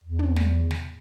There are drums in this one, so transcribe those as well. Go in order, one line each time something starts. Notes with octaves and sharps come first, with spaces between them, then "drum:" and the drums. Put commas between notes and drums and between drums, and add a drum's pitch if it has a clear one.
E2
drum: tom
drum: snare
drum: snare